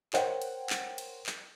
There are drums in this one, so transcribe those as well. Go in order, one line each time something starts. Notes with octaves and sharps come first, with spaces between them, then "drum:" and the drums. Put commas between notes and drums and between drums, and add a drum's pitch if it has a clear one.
A#4 C5 C#5 F#5 G5, drum: clap
drum: cymbal
drum: clap
drum: cymbal
drum: clap